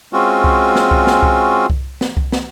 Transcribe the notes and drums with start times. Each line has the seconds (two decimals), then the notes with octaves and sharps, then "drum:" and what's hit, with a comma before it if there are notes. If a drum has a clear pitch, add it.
0.13 G#3 C4 C#4 F4 F#4
0.44 drum: kick C2
0.76 drum: snare
0.91 drum: kick C2
1.07 drum: snare
1.23 drum: kick C2
1.70 drum: kick C2
2.01 drum: snare
2.17 drum: kick C2
2.32 drum: snare